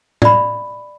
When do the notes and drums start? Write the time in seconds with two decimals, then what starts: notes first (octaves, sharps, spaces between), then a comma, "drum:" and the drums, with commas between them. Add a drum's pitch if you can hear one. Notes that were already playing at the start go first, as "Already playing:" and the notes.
0.22 D5 E5 B5, drum: tom